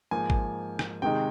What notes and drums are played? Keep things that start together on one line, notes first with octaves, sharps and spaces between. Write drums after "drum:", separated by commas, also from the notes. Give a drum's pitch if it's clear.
G#2 F3 A#3 G#5
drum: kick
drum: rim click
C3 D#3 G#3 D#4 G5